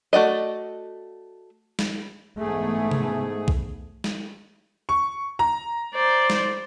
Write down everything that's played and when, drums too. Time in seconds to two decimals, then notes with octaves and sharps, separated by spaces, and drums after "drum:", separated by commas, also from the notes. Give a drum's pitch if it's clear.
0.13 A3 F#4 D5 D#5
1.79 drum: snare
2.39 G#2 E3 A3 B3 G#4
2.91 drum: tom C3
3.48 drum: kick B1
4.04 drum: snare
4.89 C#6
5.39 A#5
5.95 C5 D5
6.30 drum: snare